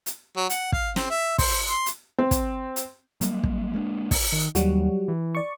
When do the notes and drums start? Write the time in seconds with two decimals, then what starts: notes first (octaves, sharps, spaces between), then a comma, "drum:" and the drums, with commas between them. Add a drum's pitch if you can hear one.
0.06 drum: hi-hat
0.36 F#3
0.49 F#5, drum: hi-hat
0.72 F5, drum: kick
0.96 C4, drum: snare
1.10 E5
1.38 C5, drum: kick, open hi-hat
1.68 C6
1.86 drum: hi-hat
2.18 C4
2.31 drum: kick, hi-hat
2.76 drum: hi-hat
3.21 F#3 G3 A#3, drum: hi-hat
3.44 drum: kick
3.74 G#3 A#3 B3 D4
4.11 drum: kick, open hi-hat
4.32 D#3
4.55 D#2 F#3 G3 F#4, drum: hi-hat
5.08 E3
5.35 D5 C#6